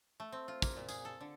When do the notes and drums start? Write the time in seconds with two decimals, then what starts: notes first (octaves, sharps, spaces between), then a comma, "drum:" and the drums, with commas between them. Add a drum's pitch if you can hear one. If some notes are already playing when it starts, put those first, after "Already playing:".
0.20 A3
0.32 C4
0.48 F4
0.62 A#3, drum: kick, tambourine
0.77 A#2
0.89 G#4, drum: tambourine
1.05 A4
1.21 D3